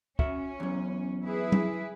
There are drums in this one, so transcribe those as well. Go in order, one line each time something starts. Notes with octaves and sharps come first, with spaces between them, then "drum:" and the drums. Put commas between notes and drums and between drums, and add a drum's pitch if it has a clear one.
C#4 F#4 E5, drum: kick
E2 F#3
E4 G#4 B4
drum: tom F#3